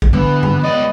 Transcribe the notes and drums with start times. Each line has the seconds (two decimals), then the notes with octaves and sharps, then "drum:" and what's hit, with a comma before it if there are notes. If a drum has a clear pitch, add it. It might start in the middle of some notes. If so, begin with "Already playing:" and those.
0.02 drum: kick
0.13 D3 E3 B3
0.43 drum: tom G2
0.63 C#2 D5 D#5